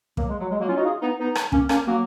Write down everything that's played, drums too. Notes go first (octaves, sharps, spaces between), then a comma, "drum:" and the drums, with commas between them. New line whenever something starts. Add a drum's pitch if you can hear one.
F#3 A#3, drum: kick
G#3
F#3
G#3
F#3 A#3
C#4 F4
D#4 F#4
F4 G#4
B3 D#4
B3 D#4
drum: rim click
A#3 C#4, drum: kick
A#3 C#4, drum: rim click
F#3 A#3